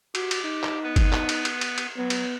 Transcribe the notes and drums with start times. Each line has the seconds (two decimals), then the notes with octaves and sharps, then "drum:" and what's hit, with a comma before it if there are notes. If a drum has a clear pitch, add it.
0.15 F#4 G4, drum: cymbal
0.31 drum: cymbal
0.44 D#4
0.64 drum: clap
0.83 B3 B4
0.96 drum: kick G1, cymbal
1.13 drum: clap
1.29 drum: cymbal
1.45 drum: cymbal
1.61 drum: cymbal
1.78 drum: cymbal
1.97 F#3 B3
2.10 drum: cymbal